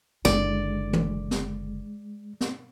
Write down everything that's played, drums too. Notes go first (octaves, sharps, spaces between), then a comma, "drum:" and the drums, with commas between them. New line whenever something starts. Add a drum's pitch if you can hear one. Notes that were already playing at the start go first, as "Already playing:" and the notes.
F#1 D3 G#3 D5, drum: snare
drum: tom
drum: snare
drum: snare